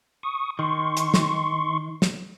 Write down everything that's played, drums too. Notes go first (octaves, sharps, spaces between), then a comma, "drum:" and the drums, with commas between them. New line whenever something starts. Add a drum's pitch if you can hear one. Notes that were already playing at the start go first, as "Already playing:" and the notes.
C#6 D#6
D#3 C6 C#6
drum: hi-hat
drum: snare
drum: snare